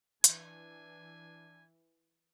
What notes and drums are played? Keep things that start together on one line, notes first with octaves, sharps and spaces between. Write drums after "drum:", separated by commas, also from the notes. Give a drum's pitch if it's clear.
E3 D4 G#5, drum: hi-hat